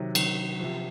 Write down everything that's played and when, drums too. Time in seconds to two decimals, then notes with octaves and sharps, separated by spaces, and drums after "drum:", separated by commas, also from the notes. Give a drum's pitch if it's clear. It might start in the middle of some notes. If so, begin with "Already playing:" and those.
Already playing: C3 D#3 F#3
0.15 C3 D#3 F#3, drum: cymbal
0.60 C3 F3